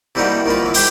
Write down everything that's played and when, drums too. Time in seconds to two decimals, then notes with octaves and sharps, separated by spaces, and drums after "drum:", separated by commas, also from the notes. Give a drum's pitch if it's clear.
0.15 C3 E3 G3 A#3 D#4 F#4
0.46 D#3 A#3 F4 B4
0.63 F#2 E3
0.74 G4 C5 G5 C6 D6, drum: open hi-hat